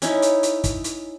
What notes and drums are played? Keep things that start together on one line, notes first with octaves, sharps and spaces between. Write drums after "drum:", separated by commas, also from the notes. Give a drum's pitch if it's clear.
C#4 D#4 E4, drum: hi-hat
drum: hi-hat
drum: hi-hat
drum: kick, hi-hat
drum: hi-hat